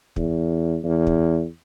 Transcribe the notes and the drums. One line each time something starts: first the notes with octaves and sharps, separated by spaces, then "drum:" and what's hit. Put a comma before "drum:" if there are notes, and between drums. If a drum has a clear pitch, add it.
E2, drum: kick
E2
drum: kick